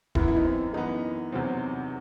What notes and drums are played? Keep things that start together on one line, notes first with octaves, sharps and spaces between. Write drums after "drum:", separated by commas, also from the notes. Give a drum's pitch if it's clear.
F#2 E3 B3 E4, drum: kick D#1
E4
D#4
C4
F#2 E3 B3 D#4
E2 C3 F#3 C4